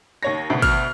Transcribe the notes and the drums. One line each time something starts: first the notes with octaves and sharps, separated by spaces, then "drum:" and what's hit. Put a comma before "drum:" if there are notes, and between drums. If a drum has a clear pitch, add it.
D#2 C#5 A#6
D2 B2
F6, drum: kick, cymbal